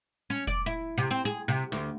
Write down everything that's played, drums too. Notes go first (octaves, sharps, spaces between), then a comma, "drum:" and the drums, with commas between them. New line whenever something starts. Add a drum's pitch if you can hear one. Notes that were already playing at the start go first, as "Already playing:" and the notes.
C#4
D5, drum: kick F1
E4
C3
C4
G#4
C3
D2